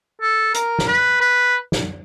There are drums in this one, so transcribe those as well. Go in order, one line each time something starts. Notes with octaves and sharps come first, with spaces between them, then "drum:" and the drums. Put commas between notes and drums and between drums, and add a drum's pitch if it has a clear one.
A4
A#4, drum: hi-hat
drum: snare
B4
B4
drum: snare